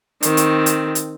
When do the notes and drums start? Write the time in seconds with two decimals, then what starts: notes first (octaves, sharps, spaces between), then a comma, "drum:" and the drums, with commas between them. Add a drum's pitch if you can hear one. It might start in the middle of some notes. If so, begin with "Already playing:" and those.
0.23 D#3 C4, drum: hi-hat
0.37 drum: hi-hat
0.66 drum: hi-hat
0.95 drum: hi-hat